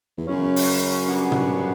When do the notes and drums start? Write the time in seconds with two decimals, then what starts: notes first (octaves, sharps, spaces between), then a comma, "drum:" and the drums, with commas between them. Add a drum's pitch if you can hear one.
0.17 E2
0.27 F#2 C#3 F#3 C#4
0.56 drum: open hi-hat
1.07 C#3 G3 B3 D4 F#4
1.32 drum: tom